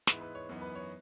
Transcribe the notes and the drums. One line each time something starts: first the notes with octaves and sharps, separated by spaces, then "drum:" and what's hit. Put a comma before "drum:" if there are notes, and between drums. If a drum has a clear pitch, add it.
G#2 E3 G#3 B3 E4 B4, drum: snare
B4
C#5
F#2 E3 B3 D#4
B4
C#5